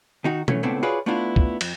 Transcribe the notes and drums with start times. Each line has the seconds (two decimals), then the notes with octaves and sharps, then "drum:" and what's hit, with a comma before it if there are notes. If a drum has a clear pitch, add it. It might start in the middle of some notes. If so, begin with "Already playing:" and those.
0.24 D#3 D#4 F#4
0.48 E3 F#3 A3 C#4, drum: tom B2
0.63 C#2 A2 A3 B3 C4 D4
0.83 F4 F#4 G#4 B4 C#5 D5
1.06 A3 B3 D4 E4 F4
1.36 drum: kick
1.61 F2, drum: cymbal